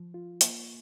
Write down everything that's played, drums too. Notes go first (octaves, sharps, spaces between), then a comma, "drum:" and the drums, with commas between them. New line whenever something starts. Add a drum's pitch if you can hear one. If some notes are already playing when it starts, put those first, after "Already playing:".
Already playing: F3
F4
A#3, drum: hi-hat